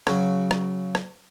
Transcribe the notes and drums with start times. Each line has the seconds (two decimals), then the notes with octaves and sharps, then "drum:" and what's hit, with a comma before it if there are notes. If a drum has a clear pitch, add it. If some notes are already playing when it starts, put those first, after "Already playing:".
0.07 C#3 F#3, drum: rim click
0.51 drum: rim click
0.95 drum: rim click